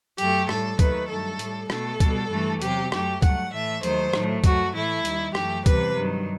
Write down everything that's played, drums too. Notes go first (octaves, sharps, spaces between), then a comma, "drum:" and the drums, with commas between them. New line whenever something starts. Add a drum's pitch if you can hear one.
F#2 F#3 A3 G4, drum: hi-hat
A2 G3 A4, drum: rim click
D#2 D#3 F#3 A3 B4, drum: kick C#2, hi-hat
G2 F#3 A3 A4
A2 G3, drum: hi-hat
B2 A3 A4, drum: rim click
B2 G3, drum: kick C#2, hi-hat
G2 E3 A3
E2 C3 F#3 G4, drum: hi-hat
F#2 F#3 A3 G4, drum: rim click
G2 F#3 A3 F#5, drum: kick C#2, hi-hat
A2 E3 A3 E5
D#2 D#3 F#3 A3 C5, drum: hi-hat
A2 F#3 A3, drum: rim click
F#2 F#3 A3 F#4, drum: kick C#2, hi-hat
A2 E3 A3 E4
D#2 D#3 G3, drum: hi-hat
F#2 E3 A3 G4, drum: rim click
E2 C3 E3 G3 B4, drum: kick C#2, hi-hat
G2 D#3 F#3